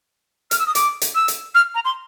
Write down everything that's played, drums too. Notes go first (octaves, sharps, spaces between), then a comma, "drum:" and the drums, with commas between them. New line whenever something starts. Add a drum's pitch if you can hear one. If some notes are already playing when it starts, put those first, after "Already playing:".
F6, drum: hi-hat
E6
D#6
D6, drum: hi-hat
drum: hi-hat
E6
drum: hi-hat
F6
A#5
C6